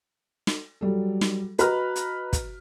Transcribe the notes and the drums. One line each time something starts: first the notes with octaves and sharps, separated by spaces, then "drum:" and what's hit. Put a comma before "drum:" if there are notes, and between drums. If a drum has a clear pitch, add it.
drum: snare
F#3 G3 A4
drum: snare
F#4 B4 D#5 A#5 B5 F6, drum: hi-hat
drum: hi-hat
drum: kick, hi-hat